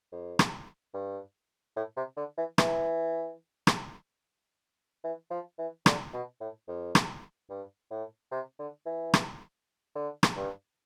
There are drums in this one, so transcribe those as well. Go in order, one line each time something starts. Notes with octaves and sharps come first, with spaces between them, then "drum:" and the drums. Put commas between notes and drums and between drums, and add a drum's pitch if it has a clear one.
F2
drum: rim click
G2
A2
C3
D3
E3
E3, drum: rim click
drum: rim click
E3
F3
E3
D3, drum: rim click
B2
A2
F2
drum: rim click
G2
A2
C3
D3
E3
drum: rim click
D3
drum: rim click
G2